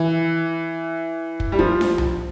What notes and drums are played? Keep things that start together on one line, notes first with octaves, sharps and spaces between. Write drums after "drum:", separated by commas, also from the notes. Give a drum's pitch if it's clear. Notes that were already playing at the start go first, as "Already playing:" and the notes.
Already playing: E3
drum: kick
G3
F3, drum: kick
drum: snare D4
drum: tom B1